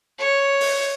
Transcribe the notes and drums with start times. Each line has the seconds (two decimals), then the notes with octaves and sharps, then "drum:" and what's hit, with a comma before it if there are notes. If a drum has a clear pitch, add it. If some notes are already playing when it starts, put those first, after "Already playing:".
0.19 C#5
0.60 drum: open hi-hat